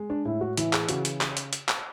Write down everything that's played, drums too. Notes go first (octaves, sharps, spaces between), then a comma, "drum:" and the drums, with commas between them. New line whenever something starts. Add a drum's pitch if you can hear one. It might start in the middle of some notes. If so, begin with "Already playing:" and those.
Already playing: G#3
D4
A2 E4
F#4
E3 E4, drum: hi-hat
G#4, drum: clap
C#3 F#4, drum: hi-hat
drum: hi-hat
drum: clap
drum: hi-hat
drum: hi-hat
drum: clap